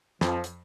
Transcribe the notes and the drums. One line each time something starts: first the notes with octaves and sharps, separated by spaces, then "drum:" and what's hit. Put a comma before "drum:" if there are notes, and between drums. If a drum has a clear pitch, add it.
F2 F3, drum: snare
drum: hi-hat